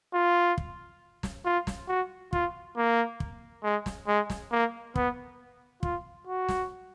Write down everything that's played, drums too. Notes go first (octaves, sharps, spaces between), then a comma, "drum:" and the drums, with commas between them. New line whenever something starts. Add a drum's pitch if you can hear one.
F4
drum: kick
drum: snare
F4
drum: snare
F#4
F4, drum: kick
A#3
drum: kick
G#3
drum: snare
G#3
drum: snare
A#3
B3, drum: kick
F4, drum: kick
F#4
drum: snare